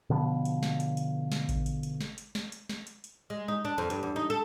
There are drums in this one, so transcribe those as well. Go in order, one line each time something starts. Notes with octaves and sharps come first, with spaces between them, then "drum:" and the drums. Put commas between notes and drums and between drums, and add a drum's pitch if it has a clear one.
B2 D3 F3 B3
drum: hi-hat
drum: snare
drum: hi-hat
drum: hi-hat
drum: snare
drum: kick A1, hi-hat
drum: hi-hat
drum: hi-hat
drum: snare
drum: hi-hat
drum: snare
drum: hi-hat
drum: snare
drum: hi-hat
drum: hi-hat
G#3
D#4
D4
F2
G2, drum: hi-hat
E2
D#4
A4